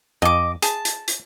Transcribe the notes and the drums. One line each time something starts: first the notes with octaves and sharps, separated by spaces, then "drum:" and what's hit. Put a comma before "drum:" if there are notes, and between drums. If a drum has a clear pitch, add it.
F2 D#5 D6
G#4 A5, drum: hi-hat
drum: hi-hat
drum: hi-hat